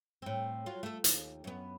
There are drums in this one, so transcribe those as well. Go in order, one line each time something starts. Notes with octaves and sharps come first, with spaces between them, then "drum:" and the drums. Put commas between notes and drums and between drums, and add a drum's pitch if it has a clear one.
A2 C4
F#3 F4
A3 A4
D#2, drum: hi-hat
F#2 B3